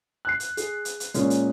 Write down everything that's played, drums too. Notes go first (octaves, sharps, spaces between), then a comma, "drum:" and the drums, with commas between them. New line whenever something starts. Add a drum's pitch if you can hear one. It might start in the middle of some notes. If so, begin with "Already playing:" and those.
F#6 C7
drum: hi-hat
G#4, drum: hi-hat
drum: hi-hat
drum: hi-hat
A#2 G#3 A#3 C#4, drum: hi-hat
drum: hi-hat